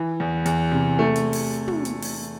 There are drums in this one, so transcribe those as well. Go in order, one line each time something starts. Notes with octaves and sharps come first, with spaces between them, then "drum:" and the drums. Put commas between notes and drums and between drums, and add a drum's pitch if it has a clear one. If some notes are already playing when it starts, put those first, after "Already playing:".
Already playing: E3
E2
E2, drum: hi-hat
C3
A3
drum: hi-hat
drum: open hi-hat
drum: tom
drum: hi-hat
drum: open hi-hat